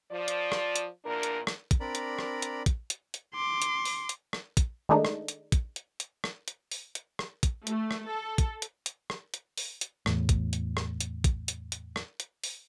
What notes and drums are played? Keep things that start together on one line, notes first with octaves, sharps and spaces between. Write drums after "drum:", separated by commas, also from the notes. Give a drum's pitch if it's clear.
F3 D5
drum: hi-hat
drum: rim click
drum: hi-hat
E2 A#2 D4 A#4
drum: hi-hat
drum: rim click
drum: kick, hi-hat
C4 D4 A#4 D5 A#5 B5
drum: hi-hat
drum: rim click
drum: hi-hat
drum: kick, hi-hat
drum: hi-hat
drum: hi-hat
C6 D6
drum: hi-hat
drum: open hi-hat
drum: hi-hat
drum: rim click
drum: kick, hi-hat
D#3 G#3 A3 D4 D#4
drum: rim click
drum: hi-hat
drum: kick, hi-hat
drum: hi-hat
drum: hi-hat
drum: rim click
drum: hi-hat
drum: open hi-hat
drum: hi-hat
drum: rim click
drum: kick, hi-hat
A3, drum: hi-hat
drum: rim click
A4
drum: kick, hi-hat
drum: hi-hat
drum: hi-hat
drum: rim click
drum: hi-hat
drum: open hi-hat
drum: hi-hat
E2 A2, drum: rim click
drum: kick, hi-hat
drum: hi-hat
drum: rim click
drum: hi-hat
drum: kick, hi-hat
drum: hi-hat
drum: hi-hat
drum: rim click
drum: hi-hat
drum: open hi-hat